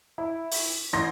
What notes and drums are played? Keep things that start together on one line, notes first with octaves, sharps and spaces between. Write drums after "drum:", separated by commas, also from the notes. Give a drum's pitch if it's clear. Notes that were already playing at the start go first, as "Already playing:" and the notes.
E4
drum: open hi-hat
A1 C6 A#6